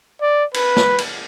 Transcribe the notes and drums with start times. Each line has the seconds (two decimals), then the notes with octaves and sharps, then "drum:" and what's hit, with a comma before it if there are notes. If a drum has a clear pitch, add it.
0.21 D5
0.54 B4, drum: cymbal
0.76 drum: snare
0.98 drum: cymbal